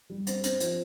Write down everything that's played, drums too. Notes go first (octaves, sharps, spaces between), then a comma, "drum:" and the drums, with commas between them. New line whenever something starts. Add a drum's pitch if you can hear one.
G3
C4, drum: hi-hat
C4, drum: hi-hat
F3, drum: hi-hat